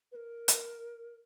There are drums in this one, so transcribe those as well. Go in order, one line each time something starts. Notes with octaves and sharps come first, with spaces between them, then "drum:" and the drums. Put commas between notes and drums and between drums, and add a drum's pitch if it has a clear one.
B4
A#4
drum: hi-hat